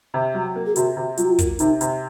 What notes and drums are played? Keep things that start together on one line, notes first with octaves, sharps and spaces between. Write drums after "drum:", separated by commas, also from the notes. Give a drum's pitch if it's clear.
C3
F#3
A#3
G#4
C3 F#4, drum: hi-hat
C3
F#3 F4, drum: hi-hat
F#4
F4
A#3, drum: kick, hi-hat
C3 D#4, drum: hi-hat
C3, drum: hi-hat